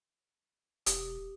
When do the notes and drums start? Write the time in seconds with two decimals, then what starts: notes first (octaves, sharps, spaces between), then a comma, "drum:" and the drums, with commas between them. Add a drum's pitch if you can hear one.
0.86 E1 G4 D#6, drum: hi-hat